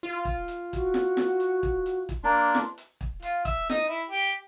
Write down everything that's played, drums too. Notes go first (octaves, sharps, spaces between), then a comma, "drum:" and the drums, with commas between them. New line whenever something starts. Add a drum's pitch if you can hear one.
F4
drum: kick
drum: hi-hat
F#4, drum: kick, hi-hat
drum: snare
drum: snare
drum: hi-hat
drum: kick
drum: hi-hat
drum: kick, hi-hat
A#3 D4 C6
drum: snare
drum: hi-hat
drum: kick
F4, drum: hi-hat
E5, drum: kick, hi-hat
D#4, drum: snare
E4
G4